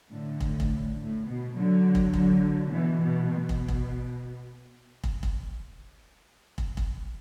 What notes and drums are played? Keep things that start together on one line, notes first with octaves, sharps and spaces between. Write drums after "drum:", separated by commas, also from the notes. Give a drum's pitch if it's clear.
A2 D3
drum: kick
drum: kick
A2
B2
D3 F#3
drum: kick
D3 F#3, drum: kick
B2 E3
B2
B2
drum: kick
drum: kick
drum: kick
drum: kick
drum: kick
drum: kick